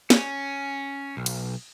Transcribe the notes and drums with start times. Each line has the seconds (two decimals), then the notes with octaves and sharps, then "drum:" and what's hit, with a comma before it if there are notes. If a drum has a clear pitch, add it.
0.10 C#4, drum: snare
1.17 B1
1.26 drum: cymbal